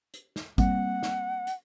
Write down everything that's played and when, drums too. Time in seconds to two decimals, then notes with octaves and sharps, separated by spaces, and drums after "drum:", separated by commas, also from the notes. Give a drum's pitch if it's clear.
0.14 drum: hi-hat
0.36 drum: snare
0.58 G3 A#3 C4 F#5, drum: kick, hi-hat
1.03 drum: snare
1.47 drum: hi-hat